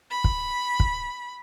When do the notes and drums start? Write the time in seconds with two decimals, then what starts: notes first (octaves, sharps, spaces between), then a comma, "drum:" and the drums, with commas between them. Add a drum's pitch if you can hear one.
0.11 B5
0.24 drum: kick
0.80 drum: kick